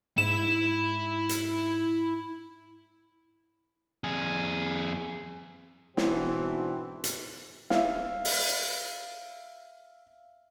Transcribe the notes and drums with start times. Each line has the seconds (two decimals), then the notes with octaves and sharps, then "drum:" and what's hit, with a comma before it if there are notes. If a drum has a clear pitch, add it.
0.18 G#2 E4 B5 E7
1.29 drum: hi-hat
4.04 F2 G#4
5.97 G#2 B2 E3 C4 D4 F#4, drum: snare
7.04 drum: hi-hat
7.70 E5 F5, drum: snare
8.25 drum: open hi-hat